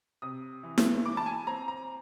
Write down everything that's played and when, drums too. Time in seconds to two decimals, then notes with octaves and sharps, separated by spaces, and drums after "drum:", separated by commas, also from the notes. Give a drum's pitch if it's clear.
0.22 C3 D#6
0.63 E3
0.78 drum: snare E4
1.05 E3 D6
1.17 A5
1.26 G#5
1.47 C4 A#5
1.68 A#5